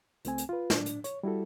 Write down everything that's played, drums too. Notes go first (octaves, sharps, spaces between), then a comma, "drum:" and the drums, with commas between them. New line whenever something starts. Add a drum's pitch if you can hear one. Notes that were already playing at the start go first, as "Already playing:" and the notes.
C#2 A3 C4 G#5, drum: hi-hat
drum: hi-hat
F4 B4
A2 D4, drum: snare
drum: hi-hat
C#5, drum: hi-hat
G3 E4 F#4 A4